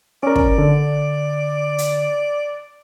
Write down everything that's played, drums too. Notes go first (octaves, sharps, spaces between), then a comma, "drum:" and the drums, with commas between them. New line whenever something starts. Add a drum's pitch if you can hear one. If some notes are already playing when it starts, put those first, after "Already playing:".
C#4 A#4 D5
drum: kick
D3
drum: hi-hat